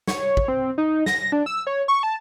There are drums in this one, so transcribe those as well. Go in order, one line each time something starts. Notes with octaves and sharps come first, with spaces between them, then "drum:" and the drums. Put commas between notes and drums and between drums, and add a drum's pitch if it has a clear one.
C#5, drum: snare
drum: kick
C4
D#4
A#6, drum: snare
D4
E6
C#5
C#6
A5